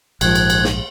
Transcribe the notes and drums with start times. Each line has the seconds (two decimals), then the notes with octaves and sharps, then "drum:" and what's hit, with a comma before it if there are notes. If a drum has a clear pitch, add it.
0.21 A#1 G#2 D#3 F3 F#6 G#6, drum: cymbal
0.35 drum: cymbal
0.50 drum: cymbal
0.64 drum: snare